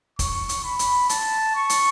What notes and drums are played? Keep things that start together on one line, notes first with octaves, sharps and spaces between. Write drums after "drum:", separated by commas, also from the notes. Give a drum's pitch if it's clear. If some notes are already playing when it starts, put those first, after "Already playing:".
C#6, drum: kick, hi-hat
drum: hi-hat
B5
drum: hi-hat
A5, drum: hi-hat
C#6
drum: hi-hat